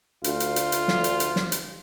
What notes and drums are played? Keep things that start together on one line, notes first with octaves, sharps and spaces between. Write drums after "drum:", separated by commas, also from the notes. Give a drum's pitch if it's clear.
D2 F4, drum: hi-hat
drum: hi-hat
drum: hi-hat
drum: hi-hat
drum: snare
drum: hi-hat
drum: hi-hat
drum: snare
drum: hi-hat